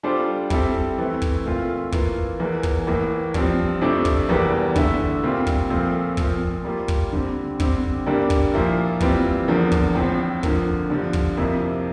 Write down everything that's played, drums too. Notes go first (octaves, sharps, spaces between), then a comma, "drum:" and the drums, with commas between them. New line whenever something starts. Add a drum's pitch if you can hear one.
G3 D4 F4 A4 C5
G3 C4 E4 A4, drum: kick
E3 A3 C4
drum: kick
A#2 A3 C4 F4
E3 A#3 F4, drum: kick
E2 E3 A#3
drum: kick
A2 E3 A#3
G2 F3 C4, drum: kick
F2 C3 F3 A3 D4
drum: kick
E2 E3 G3 A#3
D3 A3 E4, drum: kick
A#2 G3 C4 F4
drum: kick
A#2 F3 A3 C4
A#2 F3 C4, drum: kick
G3 A#3 F4
drum: kick
D3 G3 C4
D3 G3 C4, drum: kick
G2 D3 G3 A#3 D4
drum: kick
A#2 F3 A#3 E4
E3 G3 C4 F4, drum: kick
E2 D3 F3 A#3
drum: kick
A2 F3 C4
D3 F3 A#3, drum: kick
G2 D3 F3
drum: kick
F2 C3 F3 A#3 E4